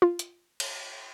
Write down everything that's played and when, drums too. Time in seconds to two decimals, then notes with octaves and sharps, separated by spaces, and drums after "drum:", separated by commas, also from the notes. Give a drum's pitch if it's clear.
0.02 F4
0.19 drum: hi-hat
0.60 drum: cymbal